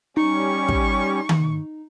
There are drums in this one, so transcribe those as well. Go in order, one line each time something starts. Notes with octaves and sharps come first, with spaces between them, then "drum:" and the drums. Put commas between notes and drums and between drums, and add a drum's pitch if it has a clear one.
G3 C#4 D#4 C#6
drum: kick
drum: tom D#3